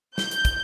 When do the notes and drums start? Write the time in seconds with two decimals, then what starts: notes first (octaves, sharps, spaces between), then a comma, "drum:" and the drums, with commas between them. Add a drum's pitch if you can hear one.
0.18 G6, drum: snare
0.31 drum: hi-hat
0.45 drum: kick, hi-hat